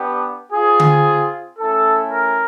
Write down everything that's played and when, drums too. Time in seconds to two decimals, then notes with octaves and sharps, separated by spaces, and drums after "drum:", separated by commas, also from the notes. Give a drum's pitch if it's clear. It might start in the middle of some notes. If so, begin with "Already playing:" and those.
Already playing: B3 D4 G4
0.50 C4 F4 G#4
0.80 drum: tom D3
1.58 A3 C#4 E4 A4
2.10 A#4